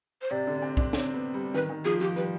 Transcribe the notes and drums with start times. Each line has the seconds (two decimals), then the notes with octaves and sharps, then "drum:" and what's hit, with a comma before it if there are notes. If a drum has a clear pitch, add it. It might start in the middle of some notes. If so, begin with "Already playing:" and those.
0.22 C5
0.31 C3 D5
0.47 D3
0.55 D4
0.62 C4
0.77 D4, drum: kick
0.93 C4, drum: snare
1.14 B3
1.34 G3
1.54 D#3 B4
1.69 D#3
1.85 F3 G#4
2.00 F3 G4
2.16 G3 B4